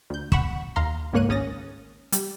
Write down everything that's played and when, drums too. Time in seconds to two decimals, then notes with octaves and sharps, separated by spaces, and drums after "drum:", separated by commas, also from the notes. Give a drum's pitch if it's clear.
0.10 D2 G6
0.32 F#5 B5 C#6 E7, drum: kick
0.76 D#2 F5 A#5 C6
1.13 C#2 G#2 A#3 C#5 F#6 D#7
1.29 G#1 C#4 D#6 A6 A#6
2.12 G3, drum: hi-hat